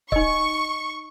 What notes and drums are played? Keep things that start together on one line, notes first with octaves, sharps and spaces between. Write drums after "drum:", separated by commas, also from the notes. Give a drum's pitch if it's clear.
D#4 D#5 C#6, drum: kick